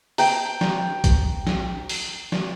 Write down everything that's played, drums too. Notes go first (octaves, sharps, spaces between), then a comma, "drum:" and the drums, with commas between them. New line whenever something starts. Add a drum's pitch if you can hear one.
G5 A#5, drum: open hi-hat
drum: snare
drum: kick A#1, hi-hat
drum: snare
drum: open hi-hat
drum: snare